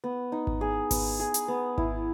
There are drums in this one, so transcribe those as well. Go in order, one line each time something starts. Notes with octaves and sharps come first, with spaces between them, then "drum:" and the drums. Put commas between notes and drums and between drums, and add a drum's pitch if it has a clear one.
B3
D#4
drum: kick G#1
G#4
B3, drum: kick G#1, open hi-hat
G#4
drum: hi-hat
B3
E4, drum: kick G#1